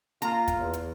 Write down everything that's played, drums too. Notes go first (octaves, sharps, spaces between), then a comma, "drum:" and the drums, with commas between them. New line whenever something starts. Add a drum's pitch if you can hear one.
A#3 F4 A#5, drum: hi-hat
drum: kick, hi-hat
E2
drum: hi-hat